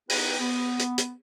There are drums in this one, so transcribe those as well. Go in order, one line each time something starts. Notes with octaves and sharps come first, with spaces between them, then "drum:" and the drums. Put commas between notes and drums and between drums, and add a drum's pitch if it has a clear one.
B3 D#4 E4 G4 B4 G5, drum: open hi-hat
B3
drum: hi-hat
drum: hi-hat